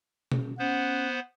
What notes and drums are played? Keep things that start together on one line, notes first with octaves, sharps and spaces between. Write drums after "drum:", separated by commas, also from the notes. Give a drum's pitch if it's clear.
drum: tom B2
B3 C#4 C5 F#5